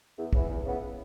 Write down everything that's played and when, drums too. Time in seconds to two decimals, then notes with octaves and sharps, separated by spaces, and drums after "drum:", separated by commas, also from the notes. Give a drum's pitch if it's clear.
0.17 E2
0.33 C#3 E3 B3 E4, drum: kick
0.49 E2
0.64 C#3 E3 B3 E4